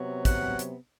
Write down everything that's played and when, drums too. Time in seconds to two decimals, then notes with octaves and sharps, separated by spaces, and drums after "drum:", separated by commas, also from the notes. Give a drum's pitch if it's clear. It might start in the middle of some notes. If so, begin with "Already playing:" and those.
Already playing: C3 F#3 B3
0.25 F#5, drum: kick, hi-hat
0.59 drum: hi-hat